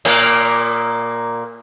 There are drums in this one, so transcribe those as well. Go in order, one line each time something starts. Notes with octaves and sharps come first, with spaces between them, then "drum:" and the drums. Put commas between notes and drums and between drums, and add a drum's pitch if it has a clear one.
A#2 A#3, drum: cymbal